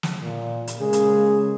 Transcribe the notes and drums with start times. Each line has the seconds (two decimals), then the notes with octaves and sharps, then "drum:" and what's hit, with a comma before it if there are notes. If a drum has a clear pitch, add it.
0.03 drum: snare
0.23 A#2
0.67 drum: hi-hat
0.79 C#3 G#3 A#3 G#4
0.93 drum: hi-hat